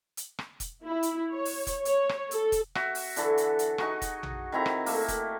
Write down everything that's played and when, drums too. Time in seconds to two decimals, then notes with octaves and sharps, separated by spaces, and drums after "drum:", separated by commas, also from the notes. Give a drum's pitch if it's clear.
0.17 drum: hi-hat
0.39 drum: rim click
0.60 drum: kick, hi-hat
0.84 E4
1.03 drum: hi-hat
1.32 C#5
1.45 drum: open hi-hat
1.67 drum: kick, hi-hat
1.85 C#5, drum: hi-hat
2.09 drum: rim click
2.31 A4, drum: hi-hat
2.52 drum: kick, hi-hat
2.75 F#4 E5, drum: rim click
2.95 drum: open hi-hat
3.16 D3 E3 A4, drum: hi-hat
3.38 drum: hi-hat
3.59 drum: hi-hat
3.78 D#4 F#4 G#4 C#6, drum: rim click
4.02 drum: kick, hi-hat
4.23 drum: tom A#1
4.52 D#3 C4 E4 A#5
4.66 drum: rim click
4.86 A3 A#3, drum: open hi-hat
5.08 drum: kick, hi-hat